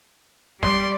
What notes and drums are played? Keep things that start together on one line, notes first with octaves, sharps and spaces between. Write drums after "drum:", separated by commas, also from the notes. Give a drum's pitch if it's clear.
G3 D5 C6, drum: snare